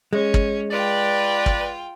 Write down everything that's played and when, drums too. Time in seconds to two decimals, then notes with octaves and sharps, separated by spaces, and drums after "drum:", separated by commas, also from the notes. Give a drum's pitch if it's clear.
0.13 G#3 C#4
0.34 drum: kick
0.71 F4 B4 D5 G5
1.46 drum: kick